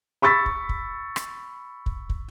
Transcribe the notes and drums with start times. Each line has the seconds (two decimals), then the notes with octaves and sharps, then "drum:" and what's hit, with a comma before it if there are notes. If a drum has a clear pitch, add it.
0.22 B5 C#6 E6 A6 B6
0.46 drum: kick
0.69 drum: kick
1.16 drum: rim click
1.86 drum: kick
2.09 drum: kick